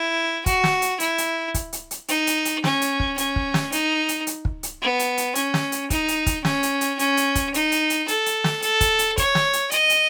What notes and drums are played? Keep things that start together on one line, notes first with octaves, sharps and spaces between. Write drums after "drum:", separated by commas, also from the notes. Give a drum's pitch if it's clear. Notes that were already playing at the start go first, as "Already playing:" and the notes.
Already playing: E4
F#4, drum: kick, hi-hat
drum: snare
drum: hi-hat
E4, drum: hi-hat
drum: hi-hat
drum: kick, hi-hat
drum: hi-hat
drum: hi-hat
D#4, drum: hi-hat
drum: hi-hat
drum: hi-hat
C#4, drum: snare
drum: hi-hat
drum: kick
C#4, drum: hi-hat
drum: kick
drum: snare
D#4, drum: hi-hat
drum: hi-hat
drum: hi-hat
drum: kick
drum: hi-hat
B3
drum: hi-hat
drum: hi-hat
C#4, drum: hi-hat
drum: snare
drum: hi-hat
D#4, drum: kick, hi-hat
drum: hi-hat
drum: kick, hi-hat
C#4, drum: snare
drum: hi-hat
drum: hi-hat
C#4, drum: hi-hat
drum: hi-hat
drum: kick, hi-hat
D#4, drum: hi-hat
drum: hi-hat
drum: hi-hat
A4, drum: hi-hat
drum: hi-hat
drum: snare
A4, drum: hi-hat
drum: kick, hi-hat
drum: hi-hat
C#5, drum: kick, hi-hat
drum: snare
drum: hi-hat
D#5, drum: hi-hat
drum: hi-hat